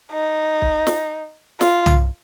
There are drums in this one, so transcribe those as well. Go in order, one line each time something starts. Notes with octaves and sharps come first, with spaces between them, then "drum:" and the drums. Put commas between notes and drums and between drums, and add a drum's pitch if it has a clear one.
D#4
drum: kick
drum: snare
F4, drum: snare
drum: tom